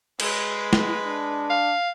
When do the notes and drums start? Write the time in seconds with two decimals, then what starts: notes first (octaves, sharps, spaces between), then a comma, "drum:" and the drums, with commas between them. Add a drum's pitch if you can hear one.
0.20 G#3 B4, drum: cymbal
0.73 drum: snare
1.04 D4
1.50 F5